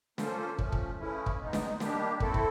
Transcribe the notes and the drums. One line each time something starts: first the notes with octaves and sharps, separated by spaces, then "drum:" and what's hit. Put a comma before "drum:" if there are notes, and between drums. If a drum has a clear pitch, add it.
A#3 C#4 F4 A4 C5, drum: snare
F3 A3 C#4, drum: kick
drum: kick
C#3 E3 A3 C#4 E4
drum: kick
G#3 B3 D#4
drum: snare
D#3 G3 A#3 D4 G4, drum: snare
A3 C4 E4 A4, drum: kick
drum: kick